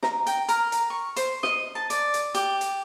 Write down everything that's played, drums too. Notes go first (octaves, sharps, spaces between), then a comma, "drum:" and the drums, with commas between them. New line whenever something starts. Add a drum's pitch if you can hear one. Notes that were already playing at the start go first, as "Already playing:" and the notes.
A#5, drum: snare
G5, drum: hi-hat
A#4, drum: hi-hat
drum: hi-hat
C#6
C5, drum: hi-hat
D#5, drum: snare
A5
D5, drum: hi-hat
drum: hi-hat
G4, drum: hi-hat
drum: hi-hat